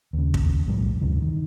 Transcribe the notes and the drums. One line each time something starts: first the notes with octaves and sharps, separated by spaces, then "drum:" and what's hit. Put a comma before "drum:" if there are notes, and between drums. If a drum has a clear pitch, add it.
D#2 C#3
drum: kick
B1 F2 A2 G3
D2 G2 C3 E3
D#3